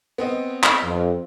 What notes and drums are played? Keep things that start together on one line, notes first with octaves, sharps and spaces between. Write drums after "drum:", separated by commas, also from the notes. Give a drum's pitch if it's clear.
B3 C4 D#5
drum: clap
F2